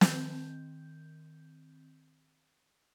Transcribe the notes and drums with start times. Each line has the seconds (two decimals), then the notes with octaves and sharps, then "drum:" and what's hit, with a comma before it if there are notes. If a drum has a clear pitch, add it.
0.01 D#3 C4 G6, drum: snare